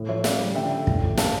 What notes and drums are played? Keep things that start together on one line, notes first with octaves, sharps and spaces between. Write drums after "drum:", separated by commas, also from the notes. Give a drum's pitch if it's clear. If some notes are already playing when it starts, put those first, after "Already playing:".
Already playing: A2
F3 C#5 E5
C#3 D5 F5, drum: snare
G3
D3 E5 G5
A3
A2, drum: kick
F3
C#3 F5 A5, drum: snare